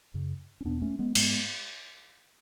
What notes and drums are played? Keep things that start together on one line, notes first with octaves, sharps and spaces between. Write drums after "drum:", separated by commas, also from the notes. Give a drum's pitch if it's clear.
F#2 C#3
C#4
E2 B2 B3 D4
A3 C#4
G#3 B3
G#2 G#3 B3, drum: cymbal